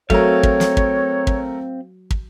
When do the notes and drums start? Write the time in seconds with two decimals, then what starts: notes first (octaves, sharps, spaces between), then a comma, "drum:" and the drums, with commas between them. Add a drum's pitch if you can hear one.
0.10 F#3 A3 C4 A#4 C#5 F5, drum: kick
0.43 drum: kick
0.60 drum: snare
0.77 drum: kick
1.27 drum: kick
2.11 drum: kick